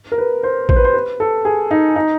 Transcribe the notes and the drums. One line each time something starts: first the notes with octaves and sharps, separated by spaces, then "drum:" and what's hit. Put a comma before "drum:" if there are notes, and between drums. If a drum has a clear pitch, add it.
A#4
B4
C5
C5, drum: kick A1
B4
C5
B4
A4
G#4
D#4
D#4